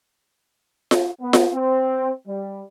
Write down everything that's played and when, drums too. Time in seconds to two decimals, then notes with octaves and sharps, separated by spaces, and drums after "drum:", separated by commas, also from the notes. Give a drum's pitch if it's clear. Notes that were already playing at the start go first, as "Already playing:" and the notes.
0.91 drum: snare F4
1.21 B3
1.33 drum: snare F4
1.53 C4
2.26 G3